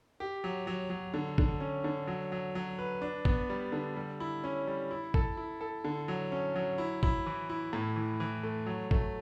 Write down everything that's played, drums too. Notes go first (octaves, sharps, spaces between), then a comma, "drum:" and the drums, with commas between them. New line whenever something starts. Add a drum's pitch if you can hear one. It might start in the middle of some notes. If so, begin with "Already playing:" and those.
G4
F#3
F#3
F#3
D3
D3, drum: kick
C#4
D3
F#3
F#3
F#3
B4
D4
B3, drum: kick
G3
D3
G3
E4
C#4
G3
E4
A4, drum: kick
E4
A4
D3
F#3
C#4
F#3
E4
E4, drum: kick
E3
E4
A2
E3
E3
A3
F#3
A3, drum: kick